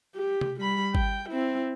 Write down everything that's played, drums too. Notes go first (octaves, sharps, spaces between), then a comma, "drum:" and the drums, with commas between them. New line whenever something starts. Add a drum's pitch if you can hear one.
G4
drum: tom C3
G3 B5
G5, drum: kick G#1
C4 E4